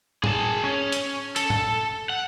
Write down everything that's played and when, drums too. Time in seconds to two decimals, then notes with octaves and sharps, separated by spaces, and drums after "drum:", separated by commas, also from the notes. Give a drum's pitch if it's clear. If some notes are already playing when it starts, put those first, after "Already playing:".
0.24 G#4 A5, drum: tom A2
0.64 C#4
0.92 drum: hi-hat
1.36 A4, drum: hi-hat
1.50 drum: tom A2
2.10 F#5